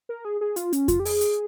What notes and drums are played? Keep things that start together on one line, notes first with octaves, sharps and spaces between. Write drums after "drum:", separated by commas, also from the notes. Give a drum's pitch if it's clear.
A#4
G#4
G#4
F4, drum: hi-hat
C#4, drum: hi-hat
F4, drum: kick F2, hi-hat
G4
G#4, drum: open hi-hat
drum: hi-hat